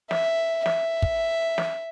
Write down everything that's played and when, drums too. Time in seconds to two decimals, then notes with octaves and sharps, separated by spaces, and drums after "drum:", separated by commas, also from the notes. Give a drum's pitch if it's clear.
0.11 E5, drum: snare
0.66 E5, drum: snare
1.02 drum: kick
1.58 drum: snare